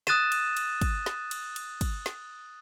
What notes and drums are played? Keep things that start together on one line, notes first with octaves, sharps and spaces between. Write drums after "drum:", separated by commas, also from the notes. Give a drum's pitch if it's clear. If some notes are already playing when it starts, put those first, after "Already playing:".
D#6 F#6 A6 A#6 D#7 E7, drum: snare
drum: cymbal
drum: cymbal
drum: kick, cymbal
drum: snare
drum: cymbal
drum: cymbal
drum: kick, cymbal
drum: snare